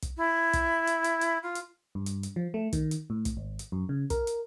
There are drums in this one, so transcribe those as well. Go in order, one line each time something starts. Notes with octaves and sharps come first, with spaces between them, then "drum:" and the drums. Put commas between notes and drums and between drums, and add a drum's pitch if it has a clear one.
drum: kick, hi-hat
E4
drum: kick, hi-hat
drum: hi-hat
drum: hi-hat
drum: hi-hat
F4
drum: hi-hat
G2
drum: hi-hat
drum: hi-hat
F3
A3
D#3, drum: kick, hi-hat
drum: hi-hat
A2
drum: kick, hi-hat
G#1
drum: hi-hat
F#2
C#3
A#4, drum: kick, hi-hat
drum: hi-hat